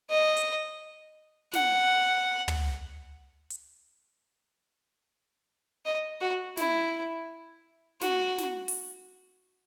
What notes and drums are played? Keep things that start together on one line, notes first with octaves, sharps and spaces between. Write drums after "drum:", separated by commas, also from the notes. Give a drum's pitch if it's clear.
D#5
drum: hi-hat
F#5, drum: snare
drum: tom
drum: hi-hat
D#5
F#4
E4, drum: snare
F#4, drum: snare
drum: snare
drum: open hi-hat